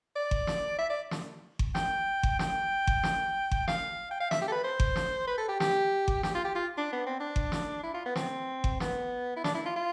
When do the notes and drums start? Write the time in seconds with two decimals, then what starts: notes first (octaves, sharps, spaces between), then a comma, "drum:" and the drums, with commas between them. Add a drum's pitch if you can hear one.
0.16 D5
0.31 drum: kick G1
0.47 drum: snare
0.79 E5
0.90 D5
1.11 drum: snare
1.59 drum: kick G1
1.75 G5, drum: snare
2.23 drum: kick G1
2.39 G5, drum: snare
2.87 drum: kick G1
3.03 drum: snare
3.51 drum: kick G1
3.68 F5, drum: snare
4.11 G5
4.21 F5
4.31 E5, drum: snare
4.42 G4
4.48 A4
4.52 B4
4.64 C5
4.80 drum: kick G1
4.96 drum: snare
5.27 B4
5.38 A4
5.48 G4
5.60 G4, drum: snare
6.08 drum: kick G1
6.23 G4, drum: snare
6.35 F4
6.45 G4
6.55 F4
6.78 D4
6.92 B3
7.06 C4
7.20 D4
7.36 drum: kick G1
7.52 drum: snare
7.83 E4
7.94 F4
8.06 B3
8.15 C4, drum: snare
8.64 drum: kick G1
8.80 B3, drum: snare
9.37 E4
9.44 D4, drum: snare
9.54 E4
9.66 F4
9.76 F4